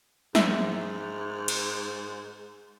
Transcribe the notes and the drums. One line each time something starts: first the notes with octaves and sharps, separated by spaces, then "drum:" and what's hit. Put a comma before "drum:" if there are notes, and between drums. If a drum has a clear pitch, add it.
G#2 E5, drum: snare
drum: cymbal